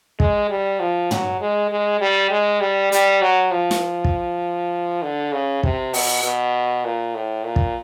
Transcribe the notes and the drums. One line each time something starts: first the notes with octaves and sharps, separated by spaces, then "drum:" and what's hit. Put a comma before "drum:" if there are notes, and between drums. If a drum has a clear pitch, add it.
G#3, drum: kick
G3
F3
F#3, drum: tom
G#3
G#3
G3
G#3
G3
G3, drum: hi-hat
F#3
F3
drum: snare
drum: kick
D3
C#3
C3, drum: kick
B2, drum: open hi-hat
B2
A#2
A2
A#2
drum: kick